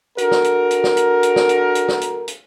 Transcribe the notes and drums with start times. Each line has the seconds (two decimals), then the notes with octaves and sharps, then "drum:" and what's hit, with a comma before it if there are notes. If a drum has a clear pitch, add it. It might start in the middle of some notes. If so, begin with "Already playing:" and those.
0.18 D4 F#4 A4 A#4, drum: hi-hat
0.31 drum: snare
0.44 drum: hi-hat
0.71 drum: hi-hat
0.84 drum: snare
0.97 drum: hi-hat
1.23 drum: hi-hat
1.36 drum: snare
1.49 drum: hi-hat
1.75 drum: hi-hat
1.88 drum: snare
2.01 drum: hi-hat
2.28 drum: hi-hat